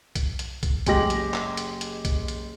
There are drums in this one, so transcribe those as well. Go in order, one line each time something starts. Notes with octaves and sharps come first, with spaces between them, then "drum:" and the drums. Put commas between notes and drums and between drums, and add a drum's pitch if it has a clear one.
drum: kick B1, hi-hat
drum: hi-hat
drum: kick B1, hi-hat
F#1 G#3 G4 A#6 F#7, drum: kick B1, hi-hat
drum: hi-hat
drum: clap
drum: hi-hat
drum: hi-hat
drum: kick B1, hi-hat
drum: hi-hat